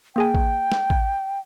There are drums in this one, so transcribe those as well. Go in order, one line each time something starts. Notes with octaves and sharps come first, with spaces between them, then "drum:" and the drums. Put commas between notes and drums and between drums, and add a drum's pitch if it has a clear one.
A#3 G#4 G5 G#5
drum: kick
drum: snare
drum: kick